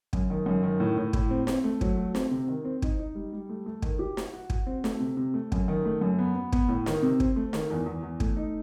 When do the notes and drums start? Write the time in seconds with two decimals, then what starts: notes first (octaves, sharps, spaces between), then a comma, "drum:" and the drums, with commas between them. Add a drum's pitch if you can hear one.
0.13 F#2, drum: kick
0.30 D#3
0.46 F#2
0.63 D#3
0.80 A2
0.98 A2
1.13 A2, drum: kick
1.30 C4
1.47 C4, drum: snare
1.64 A3
1.81 F#3, drum: kick
1.97 A3
2.15 C4, drum: snare
2.31 C3
2.48 D#3
2.65 C4
2.82 D#4, drum: kick
2.99 D#4
3.15 G3
3.33 G3
3.49 A3
3.66 A3
3.82 D#3, drum: kick
3.99 G4
4.17 F#4, drum: snare
4.34 F#4
4.50 F#4, drum: kick
4.66 C4
4.84 A3, drum: snare
5.00 C3
5.17 C3
5.34 A3
5.52 F#2, drum: kick
5.68 D#3
5.85 A3
6.01 F#2
6.18 B3
6.35 B3
6.52 B3, drum: kick
6.68 A2
6.86 D#3, drum: snare
7.02 C3
7.20 C4, drum: kick
7.36 A3
7.53 D#3, drum: snare
7.70 E2
7.86 E2
8.03 E2
8.20 A3, drum: kick
8.37 D#4